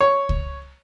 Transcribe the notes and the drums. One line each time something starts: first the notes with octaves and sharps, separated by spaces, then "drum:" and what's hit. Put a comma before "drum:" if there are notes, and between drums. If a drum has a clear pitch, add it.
C#5
drum: kick C#2